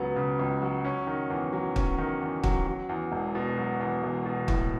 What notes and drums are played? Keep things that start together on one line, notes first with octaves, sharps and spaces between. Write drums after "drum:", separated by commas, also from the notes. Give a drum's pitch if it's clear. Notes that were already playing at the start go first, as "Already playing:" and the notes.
Already playing: C#2 C#3 F#3 B3
C#3
C#2
F#3
C#4
D#3
E2
F#3
C#4, drum: kick
D#3
E2
F#3, drum: kick
F#3
E2
E1
B2
F#3
E2
E1
B2
A2, drum: kick